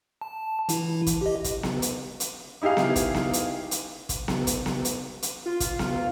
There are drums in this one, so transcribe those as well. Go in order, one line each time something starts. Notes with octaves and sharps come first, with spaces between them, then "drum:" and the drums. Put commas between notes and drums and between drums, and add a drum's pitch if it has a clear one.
A5
E3 E4, drum: hi-hat
drum: kick, hi-hat
G4 D#5
drum: kick, hi-hat
drum: snare B3
drum: hi-hat
drum: hi-hat
D#4 E4 G4 G#4 F5
drum: snare B3
drum: kick, hi-hat
drum: snare B3
drum: hi-hat
drum: hi-hat
drum: kick, hi-hat
drum: snare B3
drum: kick, hi-hat
drum: snare B3
drum: hi-hat
drum: hi-hat
F4
drum: kick, hi-hat
drum: snare B3